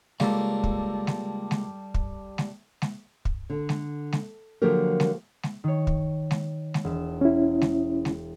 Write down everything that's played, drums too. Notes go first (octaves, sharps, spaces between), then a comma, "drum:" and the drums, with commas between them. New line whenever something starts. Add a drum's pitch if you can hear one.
C#2 G3 A#3 A4, drum: snare G#3
drum: kick
drum: snare G#3
drum: snare G#3
drum: kick
drum: snare G#3
drum: snare G#3
drum: kick
D3
drum: snare G#3
drum: snare G#3
D3 F3 F#3 A#3 G4 A#4
drum: snare G#3
drum: snare G#3
D#3 C#5
drum: kick
drum: snare G#3
drum: snare G#3
E1 E7
C#4 E4
drum: snare G#3
drum: snare G#3